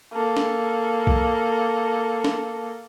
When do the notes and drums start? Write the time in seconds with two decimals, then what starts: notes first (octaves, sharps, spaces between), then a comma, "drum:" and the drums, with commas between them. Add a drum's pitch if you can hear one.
0.13 A#3 A4
0.37 drum: snare
1.07 drum: kick B1
2.24 drum: snare